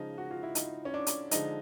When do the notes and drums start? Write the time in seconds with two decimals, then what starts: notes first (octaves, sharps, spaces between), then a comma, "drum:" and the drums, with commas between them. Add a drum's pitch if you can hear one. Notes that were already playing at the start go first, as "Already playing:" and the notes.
Already playing: C#3 F3 G#3 D#4
0.18 F#4
0.31 F4
0.43 E4
0.55 D#4, drum: hi-hat
0.85 C#4
0.94 D4
1.07 drum: hi-hat
1.31 D3 F3 G#3 D#4, drum: hi-hat